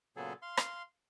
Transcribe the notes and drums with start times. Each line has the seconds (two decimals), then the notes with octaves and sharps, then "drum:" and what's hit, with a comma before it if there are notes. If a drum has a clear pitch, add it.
0.16 A#2 C#3 F#3 B3 G#4 A4
0.42 F5 C6
0.57 drum: rim click